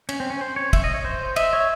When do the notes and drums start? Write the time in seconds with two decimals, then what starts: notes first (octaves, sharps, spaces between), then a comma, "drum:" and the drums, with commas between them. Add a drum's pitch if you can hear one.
0.09 C#4, drum: cymbal
0.20 C4
0.30 C#4
0.41 C5
0.56 C#5
0.73 E5, drum: kick, cymbal
0.84 D#5
0.94 C#5
1.05 C5
1.36 D#5 E5, drum: cymbal
1.53 C#5